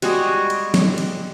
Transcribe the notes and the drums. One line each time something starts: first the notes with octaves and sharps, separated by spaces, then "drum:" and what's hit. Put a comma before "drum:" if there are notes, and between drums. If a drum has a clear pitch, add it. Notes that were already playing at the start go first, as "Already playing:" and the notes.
G3 G#3 F#4 G#4, drum: cymbal
drum: cymbal
drum: snare
drum: cymbal